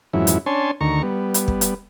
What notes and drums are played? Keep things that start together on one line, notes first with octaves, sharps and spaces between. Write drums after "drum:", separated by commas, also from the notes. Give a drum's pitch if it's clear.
F2 G#2 E3 F#3 C#4 E4
drum: hi-hat
C#4 D4 C#5 G#5 A5 C6
D2 D#3 A#5 C#6
G3 B3
drum: hi-hat
drum: kick
drum: hi-hat